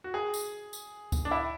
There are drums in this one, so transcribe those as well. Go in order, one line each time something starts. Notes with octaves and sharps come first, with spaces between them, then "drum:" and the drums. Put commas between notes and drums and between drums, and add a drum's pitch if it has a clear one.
F#4
G#4
drum: tambourine
drum: tambourine
drum: kick C#2, tambourine
D4
E4